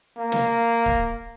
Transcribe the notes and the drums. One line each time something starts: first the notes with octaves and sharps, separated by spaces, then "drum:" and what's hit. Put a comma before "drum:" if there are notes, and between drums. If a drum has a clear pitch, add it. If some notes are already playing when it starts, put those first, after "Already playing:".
A#3
drum: snare
drum: kick C#1